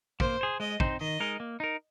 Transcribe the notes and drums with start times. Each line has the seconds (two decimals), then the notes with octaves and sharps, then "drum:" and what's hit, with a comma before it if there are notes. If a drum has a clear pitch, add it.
0.20 A#3 C5, drum: kick
0.41 G#4 C5
0.60 G#3 D#5
0.80 C4 D#4 C5, drum: kick
1.01 D#3 D#5
1.20 G#3 D#4 A#4
1.40 A#3
1.60 D#4 A#4